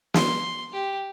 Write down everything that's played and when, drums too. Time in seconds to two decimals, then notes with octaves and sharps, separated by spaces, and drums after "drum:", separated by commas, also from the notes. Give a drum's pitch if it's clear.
0.14 C6, drum: snare
0.73 G4